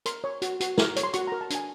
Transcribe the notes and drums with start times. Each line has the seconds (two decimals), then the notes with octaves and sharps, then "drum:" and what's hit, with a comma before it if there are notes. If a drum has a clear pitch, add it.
0.06 A#4 C6, drum: hi-hat
0.24 C#5
0.42 F#4, drum: hi-hat
0.60 F#4, drum: hi-hat
0.78 A#4, drum: snare
0.96 C#5, drum: hi-hat
1.03 C6
1.14 F#4 C#6, drum: hi-hat
1.27 A#4 A#5
1.41 A5
1.50 D4 G#5, drum: hi-hat